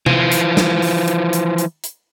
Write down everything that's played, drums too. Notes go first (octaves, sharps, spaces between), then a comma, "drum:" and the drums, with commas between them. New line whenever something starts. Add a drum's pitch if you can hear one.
E3 F3, drum: tom C3
drum: hi-hat
drum: snare
drum: open hi-hat
drum: hi-hat
drum: hi-hat
drum: hi-hat
drum: hi-hat